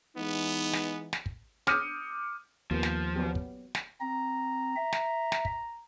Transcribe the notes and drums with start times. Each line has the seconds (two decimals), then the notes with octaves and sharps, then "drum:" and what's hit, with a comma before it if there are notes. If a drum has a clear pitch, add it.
0.17 E3 G#3 B3 D#4
0.73 drum: snare
1.13 drum: snare
1.26 drum: kick
1.67 D6 D#6 F6 G6 C#7 D#7, drum: snare
2.71 D#2 F3 A#3 B3
2.83 drum: snare
3.16 F#3 B3 G4
3.35 drum: kick
3.75 drum: snare
4.01 C4 A#5
4.76 E5
4.92 drum: snare
5.32 drum: snare
5.45 drum: kick